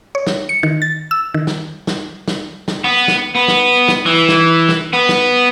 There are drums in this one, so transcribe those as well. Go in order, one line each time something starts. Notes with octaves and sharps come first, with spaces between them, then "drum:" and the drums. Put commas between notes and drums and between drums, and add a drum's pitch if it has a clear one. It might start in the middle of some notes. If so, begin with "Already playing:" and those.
C#5
drum: snare
C#7
D#3
A6
E6
D#3
drum: snare
drum: snare
drum: snare
drum: snare
B3
drum: snare
B3
drum: snare
drum: snare
E3
drum: snare
drum: snare
B3
drum: snare